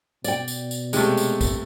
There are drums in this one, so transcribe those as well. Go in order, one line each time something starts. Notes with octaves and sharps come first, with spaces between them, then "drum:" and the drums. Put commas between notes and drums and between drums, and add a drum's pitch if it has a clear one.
B2 D5 G5, drum: tambourine
drum: tambourine
drum: tambourine
C3 G#3 A3, drum: tambourine
drum: tambourine
drum: kick A#1, tambourine